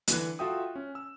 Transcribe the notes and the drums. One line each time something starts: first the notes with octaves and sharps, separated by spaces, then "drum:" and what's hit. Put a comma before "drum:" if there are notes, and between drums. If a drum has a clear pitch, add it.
D3 E3 F#6, drum: hi-hat
F4 F#4 A4 E5 G5 D#6
C#4
E6